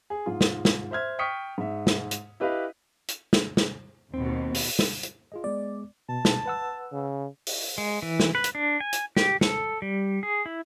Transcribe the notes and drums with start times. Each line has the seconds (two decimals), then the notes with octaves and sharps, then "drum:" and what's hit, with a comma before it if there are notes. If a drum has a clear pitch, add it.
0.10 G#4
0.26 G#2 F4
0.41 drum: snare
0.65 drum: snare
0.91 C5 E5 F6 G#6
1.19 G5 C#6 D#6 F6 B6 C#7
1.58 G#2 E5
1.87 drum: snare
2.11 drum: hi-hat
2.40 E4 G4 B4 D#5 F5
3.08 drum: hi-hat
3.33 drum: snare
3.57 drum: snare
4.14 D#2 B2 C4
4.54 drum: open hi-hat
4.79 drum: snare
5.03 drum: hi-hat
5.32 F4 G#4 D#5
5.44 G#3 B3 D5
6.09 B2 A5
6.25 drum: snare
6.46 B4 F#5 E6
6.93 C#3
7.47 drum: open hi-hat
7.78 G#3
8.02 E3
8.20 drum: snare
8.35 B4
8.44 drum: hi-hat
8.55 D4
8.80 G#5
8.93 drum: hi-hat
9.17 G4, drum: snare
9.41 A4, drum: snare
9.82 G3
10.23 G#4
10.46 E4